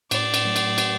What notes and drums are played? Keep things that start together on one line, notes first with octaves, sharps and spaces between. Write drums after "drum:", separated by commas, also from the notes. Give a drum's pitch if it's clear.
A2 D5, drum: cymbal
drum: cymbal
F#3 A3
drum: cymbal
drum: cymbal